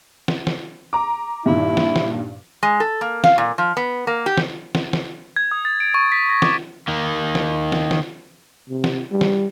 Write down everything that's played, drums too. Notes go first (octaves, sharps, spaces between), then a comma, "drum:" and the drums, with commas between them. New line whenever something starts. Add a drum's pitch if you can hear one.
drum: snare
drum: snare
A#5 D6
G2 A#2 D#3 E4
drum: snare
drum: snare
G#3
A4
A#3
F5, drum: snare
A#2
F3
B3
A#3
G4
drum: snare
drum: snare
drum: snare
G#6
D#6
A6
D7
C#6
B6
A#6
D6, drum: snare
D#3 A#3
drum: snare
drum: snare
drum: snare
C3
drum: snare
G3
drum: snare